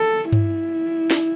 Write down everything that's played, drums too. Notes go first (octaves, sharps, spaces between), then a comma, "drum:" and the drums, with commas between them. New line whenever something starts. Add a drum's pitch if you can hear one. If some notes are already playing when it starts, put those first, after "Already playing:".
Already playing: A4
E4, drum: tom G2
drum: snare